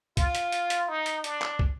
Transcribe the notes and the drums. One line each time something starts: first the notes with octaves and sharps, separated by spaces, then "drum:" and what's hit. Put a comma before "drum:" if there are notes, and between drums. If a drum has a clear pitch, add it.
F4, drum: kick, hi-hat
drum: hi-hat
drum: hi-hat
drum: hi-hat
D#4
drum: hi-hat
D4, drum: hi-hat
drum: clap
drum: kick